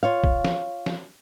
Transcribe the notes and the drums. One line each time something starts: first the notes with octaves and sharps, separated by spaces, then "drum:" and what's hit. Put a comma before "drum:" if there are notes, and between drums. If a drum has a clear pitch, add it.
F4 C#5 F5
drum: kick
drum: snare
drum: snare